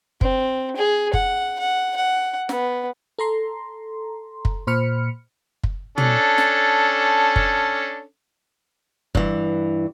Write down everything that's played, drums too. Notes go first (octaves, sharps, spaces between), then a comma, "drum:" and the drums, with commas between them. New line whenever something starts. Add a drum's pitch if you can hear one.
C4, drum: kick
G#4
F#5, drum: kick
F#5
F#5
B3, drum: snare
A4 A#5 C6
drum: kick
A#2 C5 B5 F6 C#7
drum: kick
C#4 D4 A4, drum: tom
drum: snare
drum: kick
G2 E3, drum: kick